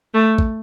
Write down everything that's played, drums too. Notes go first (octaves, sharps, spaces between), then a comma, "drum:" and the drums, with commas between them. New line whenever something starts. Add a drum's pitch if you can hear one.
A3
drum: kick